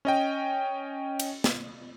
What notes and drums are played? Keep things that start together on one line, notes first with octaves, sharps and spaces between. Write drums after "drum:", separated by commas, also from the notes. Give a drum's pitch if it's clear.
C#4 D#5 G5
drum: cymbal
drum: snare